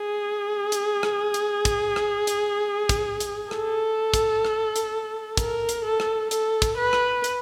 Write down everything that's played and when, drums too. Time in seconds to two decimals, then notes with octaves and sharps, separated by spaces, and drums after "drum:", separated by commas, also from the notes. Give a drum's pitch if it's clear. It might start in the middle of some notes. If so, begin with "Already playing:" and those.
Already playing: G#4
0.72 drum: hi-hat
1.03 drum: rim click
1.34 drum: hi-hat
1.65 drum: kick, hi-hat
1.96 drum: rim click
2.27 drum: hi-hat
2.89 drum: kick, hi-hat
3.20 drum: hi-hat
3.51 A4, drum: rim click
4.14 drum: kick, hi-hat
4.45 drum: rim click
4.76 drum: hi-hat
5.37 A#4, drum: kick, hi-hat
5.69 drum: hi-hat
5.85 A4
6.00 drum: rim click
6.31 A4, drum: hi-hat
6.62 drum: kick, hi-hat
6.78 B4
6.93 drum: rim click
7.24 drum: hi-hat